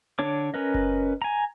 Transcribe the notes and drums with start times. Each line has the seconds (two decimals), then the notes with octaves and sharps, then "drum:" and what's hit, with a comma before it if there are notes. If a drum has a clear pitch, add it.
0.19 D3 D4 C#5 D6
0.54 C#4 A#4 B4 D#5
0.74 drum: kick F#1
1.22 G#5 A#5